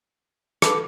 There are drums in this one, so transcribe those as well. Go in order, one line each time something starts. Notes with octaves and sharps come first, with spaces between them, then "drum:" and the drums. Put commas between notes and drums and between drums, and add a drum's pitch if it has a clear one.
A4 B4 D6, drum: rim click